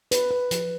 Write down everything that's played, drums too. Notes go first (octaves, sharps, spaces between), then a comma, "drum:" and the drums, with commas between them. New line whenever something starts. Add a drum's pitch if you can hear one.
B4, drum: hi-hat
B4
F3, drum: hi-hat